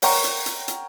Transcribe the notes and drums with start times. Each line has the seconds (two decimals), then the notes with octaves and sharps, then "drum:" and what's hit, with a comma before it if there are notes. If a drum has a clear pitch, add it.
0.02 A#4 C#5 F#5 G5 A#5 C#6, drum: open hi-hat
0.24 drum: hi-hat
0.46 drum: hi-hat
0.68 drum: hi-hat